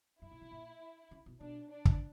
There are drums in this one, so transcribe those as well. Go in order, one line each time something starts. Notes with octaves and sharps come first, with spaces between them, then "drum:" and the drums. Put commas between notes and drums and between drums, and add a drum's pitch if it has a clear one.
G2 E4
A#2
B2
A#2
C#3
B2
B2 D4
D4
drum: kick